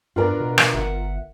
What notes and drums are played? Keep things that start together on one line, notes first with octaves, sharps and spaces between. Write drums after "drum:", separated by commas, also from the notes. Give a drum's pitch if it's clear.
G2 B3 D4 F4 F#4 A#4
B2
drum: rim click
G1 E5 F#5